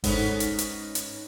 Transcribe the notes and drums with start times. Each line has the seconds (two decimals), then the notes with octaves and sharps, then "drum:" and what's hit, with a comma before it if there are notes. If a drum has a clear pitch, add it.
0.04 G#2 B3 C#4 D#4 A4 C5 C#5, drum: kick G1, open hi-hat
0.40 drum: hi-hat
0.59 drum: hi-hat
0.95 drum: hi-hat